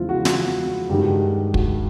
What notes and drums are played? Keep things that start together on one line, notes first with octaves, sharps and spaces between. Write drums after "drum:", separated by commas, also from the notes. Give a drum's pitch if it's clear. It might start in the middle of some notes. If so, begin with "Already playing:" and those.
Already playing: E2 C#3 F3 G#3 E4 F4
F#4
F#4, drum: snare
G2 D#3 G#3 G4
F#4, drum: kick